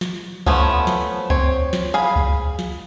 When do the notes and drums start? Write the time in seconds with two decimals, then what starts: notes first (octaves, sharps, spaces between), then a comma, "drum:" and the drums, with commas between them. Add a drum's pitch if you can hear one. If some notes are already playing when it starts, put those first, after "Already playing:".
0.01 drum: snare
0.46 F3 A3 B3 C#4, drum: kick C#2
0.87 drum: snare
1.30 C4 C#5, drum: kick C#2
1.73 drum: snare
1.94 G#4 F5 B5
2.16 drum: kick C#2
2.59 drum: snare